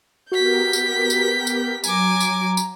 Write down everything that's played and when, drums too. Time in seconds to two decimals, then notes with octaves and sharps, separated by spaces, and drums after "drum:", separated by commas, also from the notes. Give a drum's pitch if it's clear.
0.32 B3 F#4 G4 A#4 G6 B6
0.73 drum: tambourine
1.10 drum: tambourine
1.47 drum: tambourine
1.84 F#3 G#5 A#5 D6, drum: tambourine
2.20 drum: tambourine
2.57 drum: tambourine